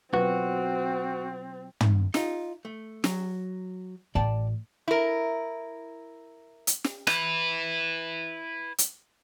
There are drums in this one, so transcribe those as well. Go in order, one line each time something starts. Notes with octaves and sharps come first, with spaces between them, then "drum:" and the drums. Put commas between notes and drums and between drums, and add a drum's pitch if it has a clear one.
B2 F#3 C4 F4 F#4 B4
drum: tom
D#4 F4, drum: snare
A3
F#3, drum: snare
A1 D5 G5 A5
E4 A#4
drum: hi-hat
drum: snare
E4 B4, drum: rim click
drum: hi-hat